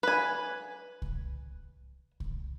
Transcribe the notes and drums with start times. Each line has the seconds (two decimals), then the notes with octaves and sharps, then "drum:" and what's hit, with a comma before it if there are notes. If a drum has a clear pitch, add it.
0.03 B4 G#5
1.02 drum: kick C2
2.20 drum: kick C2